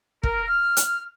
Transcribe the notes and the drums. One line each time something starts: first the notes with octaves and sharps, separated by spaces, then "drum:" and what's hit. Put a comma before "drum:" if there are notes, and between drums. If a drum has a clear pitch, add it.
A#4, drum: kick
F6
drum: hi-hat